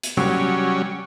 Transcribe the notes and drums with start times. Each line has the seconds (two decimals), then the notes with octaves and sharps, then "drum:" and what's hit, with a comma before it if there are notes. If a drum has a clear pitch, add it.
0.03 drum: hi-hat
0.17 F#3 G3 C#4, drum: tom C3